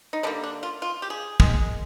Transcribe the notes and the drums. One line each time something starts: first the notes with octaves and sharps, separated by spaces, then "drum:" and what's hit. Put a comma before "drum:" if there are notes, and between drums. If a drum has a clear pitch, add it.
D#4
D3 G3 A#3 D4
D4
F4
F4
G4
G#4
D#3 G#3, drum: kick